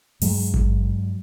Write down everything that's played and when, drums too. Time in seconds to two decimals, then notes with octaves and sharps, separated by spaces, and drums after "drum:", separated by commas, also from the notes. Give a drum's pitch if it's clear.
0.21 G2 F#3 G#3, drum: open hi-hat
0.54 drum: kick G#1